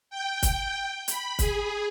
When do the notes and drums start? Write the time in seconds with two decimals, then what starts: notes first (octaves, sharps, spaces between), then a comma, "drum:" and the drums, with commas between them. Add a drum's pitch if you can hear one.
0.10 G5
0.43 drum: kick, hi-hat
1.08 B5, drum: hi-hat
1.39 G#4, drum: kick, hi-hat